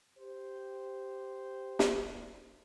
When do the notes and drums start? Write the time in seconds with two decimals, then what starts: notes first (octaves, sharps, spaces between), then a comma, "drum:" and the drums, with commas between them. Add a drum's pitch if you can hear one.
0.18 G4 C5
1.79 drum: snare